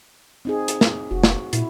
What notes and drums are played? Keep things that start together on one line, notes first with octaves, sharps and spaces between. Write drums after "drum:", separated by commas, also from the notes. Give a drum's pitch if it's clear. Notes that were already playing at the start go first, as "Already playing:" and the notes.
C4 D#4 G#4
drum: hi-hat
drum: snare
F1 F#4
drum: snare
A#2 E4, drum: hi-hat